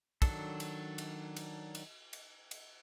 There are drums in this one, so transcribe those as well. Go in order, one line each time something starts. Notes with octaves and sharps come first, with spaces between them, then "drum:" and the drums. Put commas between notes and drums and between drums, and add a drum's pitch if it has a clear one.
D#3 F#3 D4 A4, drum: kick, cymbal
drum: cymbal
drum: cymbal
drum: cymbal
drum: cymbal
drum: cymbal
drum: cymbal